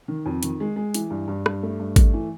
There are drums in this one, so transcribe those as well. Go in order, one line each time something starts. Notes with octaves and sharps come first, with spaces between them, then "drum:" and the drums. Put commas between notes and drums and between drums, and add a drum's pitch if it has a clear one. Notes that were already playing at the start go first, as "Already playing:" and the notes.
D#3
F2
D#3, drum: hi-hat
G#3
G#3
E3, drum: hi-hat
G2
G2
G2, drum: rim click
A3
G2
A3, drum: kick G#1, hi-hat
E3